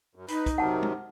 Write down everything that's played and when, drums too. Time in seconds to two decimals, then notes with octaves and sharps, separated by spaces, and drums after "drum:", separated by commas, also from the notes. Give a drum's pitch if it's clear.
0.15 F#2
0.28 D#4 B4, drum: hi-hat
0.46 drum: kick, hi-hat
0.58 F#2 C3 D#3 F#5 A5
0.83 drum: tom